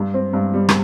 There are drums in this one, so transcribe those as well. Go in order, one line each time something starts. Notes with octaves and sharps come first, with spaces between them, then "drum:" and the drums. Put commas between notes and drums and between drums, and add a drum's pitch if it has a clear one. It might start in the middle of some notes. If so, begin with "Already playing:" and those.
Already playing: G2
C4
G2
G3
drum: rim click